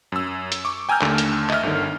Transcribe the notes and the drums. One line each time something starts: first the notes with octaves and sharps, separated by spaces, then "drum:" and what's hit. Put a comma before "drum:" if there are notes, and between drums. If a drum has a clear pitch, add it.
F#2 E6
drum: hi-hat
C#6 D6
G5 G#5 A#5 E6 F6 G6
D#2 D3 A3, drum: clap
drum: hi-hat
D#5 E5 F6, drum: clap
G1 D3 D#3